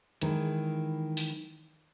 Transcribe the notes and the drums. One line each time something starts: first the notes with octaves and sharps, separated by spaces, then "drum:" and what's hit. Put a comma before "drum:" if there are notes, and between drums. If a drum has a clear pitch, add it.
D#3 E3 G#3, drum: hi-hat
drum: open hi-hat